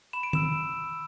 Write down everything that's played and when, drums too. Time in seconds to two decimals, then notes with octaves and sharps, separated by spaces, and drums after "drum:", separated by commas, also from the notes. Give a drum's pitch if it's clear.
0.13 B5 E7
0.23 D7
0.33 E6 E7, drum: tom D#3